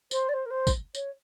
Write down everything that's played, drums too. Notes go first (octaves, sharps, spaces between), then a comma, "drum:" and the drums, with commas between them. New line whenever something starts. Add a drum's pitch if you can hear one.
C5, drum: tambourine
D5
C5
A#4
C5
drum: kick, tambourine
C#5, drum: tambourine